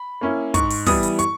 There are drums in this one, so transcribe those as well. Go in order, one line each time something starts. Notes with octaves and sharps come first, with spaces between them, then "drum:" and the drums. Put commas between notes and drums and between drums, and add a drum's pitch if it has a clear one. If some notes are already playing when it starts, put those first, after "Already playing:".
Already playing: B5
A#3 C#4 E4
G#2 C#6, drum: kick, hi-hat
drum: open hi-hat
E3 G3 B3 E4 D#6, drum: kick, open hi-hat
drum: hi-hat
C#6, drum: hi-hat